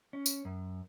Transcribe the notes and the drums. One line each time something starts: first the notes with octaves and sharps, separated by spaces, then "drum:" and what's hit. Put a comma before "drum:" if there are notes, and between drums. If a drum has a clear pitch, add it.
C#4
drum: tambourine
F#2